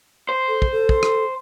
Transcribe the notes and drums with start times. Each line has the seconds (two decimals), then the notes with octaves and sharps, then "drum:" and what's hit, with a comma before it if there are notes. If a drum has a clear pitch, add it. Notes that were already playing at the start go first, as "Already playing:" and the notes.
0.29 C5
0.48 A4
0.62 drum: kick
0.72 A4
0.89 drum: kick
1.03 drum: rim click